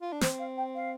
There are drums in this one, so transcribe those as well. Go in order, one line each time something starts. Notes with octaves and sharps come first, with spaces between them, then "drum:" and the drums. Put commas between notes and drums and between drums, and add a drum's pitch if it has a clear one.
F4
D4
C4 C5, drum: snare
F5
G5
F5